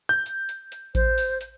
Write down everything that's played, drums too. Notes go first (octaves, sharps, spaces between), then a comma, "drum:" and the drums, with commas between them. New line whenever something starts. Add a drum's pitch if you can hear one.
G6
drum: hi-hat
drum: hi-hat
drum: hi-hat
C5, drum: kick A1, hi-hat
drum: open hi-hat
drum: hi-hat